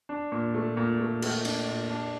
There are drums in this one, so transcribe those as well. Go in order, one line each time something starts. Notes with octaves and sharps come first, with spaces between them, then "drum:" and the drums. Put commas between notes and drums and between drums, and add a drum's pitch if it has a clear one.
D4
A#2
A3
A#2
A3
A3, drum: cymbal
D4, drum: cymbal
A#2
D4